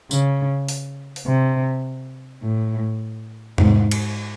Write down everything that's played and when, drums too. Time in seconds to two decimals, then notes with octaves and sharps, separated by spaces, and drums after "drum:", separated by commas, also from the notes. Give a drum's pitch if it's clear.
0.11 C#3, drum: tambourine
0.69 drum: open hi-hat
1.16 drum: open hi-hat
1.26 C3
2.42 A2
3.58 G#2, drum: tom E2
3.91 drum: cymbal